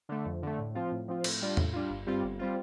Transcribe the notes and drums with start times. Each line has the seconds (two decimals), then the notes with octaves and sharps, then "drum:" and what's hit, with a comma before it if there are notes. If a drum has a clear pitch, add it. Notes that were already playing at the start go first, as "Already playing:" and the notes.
0.09 D3 A3
0.26 F2
0.43 D3 A3
0.59 A2
0.75 F3 C4 F4
0.92 A2
1.08 F3 C4 F4
1.24 A2, drum: cymbal
1.41 G3 D4 F4
1.57 A2, drum: tom E2
1.73 G3 D4 F4
1.90 G1
2.06 G2 G3 C4 F4
2.23 G1
2.39 G3 C4 F4